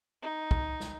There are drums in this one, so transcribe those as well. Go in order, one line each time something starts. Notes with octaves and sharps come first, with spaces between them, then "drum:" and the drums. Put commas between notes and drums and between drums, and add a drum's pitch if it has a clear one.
D#4
drum: kick
drum: snare